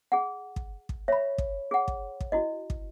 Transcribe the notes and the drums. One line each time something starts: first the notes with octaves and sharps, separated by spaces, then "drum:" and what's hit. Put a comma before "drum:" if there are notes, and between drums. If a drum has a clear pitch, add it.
G#4 F#5
drum: kick
drum: kick
C#5 E5 B5
drum: kick
G#4 F#5
drum: kick
drum: kick
E4 F#4 D#5
drum: kick